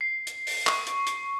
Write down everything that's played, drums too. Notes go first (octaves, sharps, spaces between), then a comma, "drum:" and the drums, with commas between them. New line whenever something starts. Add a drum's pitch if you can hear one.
C7
drum: hi-hat
drum: open hi-hat
C#6, drum: clap
drum: hi-hat
drum: hi-hat